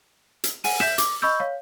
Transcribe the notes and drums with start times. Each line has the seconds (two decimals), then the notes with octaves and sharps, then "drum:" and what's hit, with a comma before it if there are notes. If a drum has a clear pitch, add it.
0.44 drum: hi-hat
0.64 F#5 G#5 D#7, drum: open hi-hat
0.80 E5 G6 B6 E7, drum: rim click
0.98 D6, drum: hi-hat
1.22 D#5 B5 C#6 E6 G6
1.40 C#5 F5